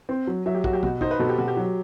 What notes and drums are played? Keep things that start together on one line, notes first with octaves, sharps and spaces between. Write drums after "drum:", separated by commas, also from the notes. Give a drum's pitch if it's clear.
C4
F#3
F#3 E5
G4
F#3 F#4, drum: kick
G4
B2 F#4, drum: kick
D#4 C5, drum: kick
B4
B2 A4
G4
B2 F#4
G4
F#3